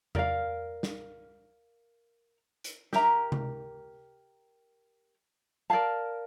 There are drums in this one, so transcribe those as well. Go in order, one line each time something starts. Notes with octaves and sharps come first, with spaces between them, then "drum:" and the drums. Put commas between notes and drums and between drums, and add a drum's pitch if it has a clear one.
A#4 D5 F5, drum: tom E2
drum: snare
drum: hi-hat
G4 A#4 E5 A#5, drum: snare
drum: tom C3
A#4 D5 F5 A5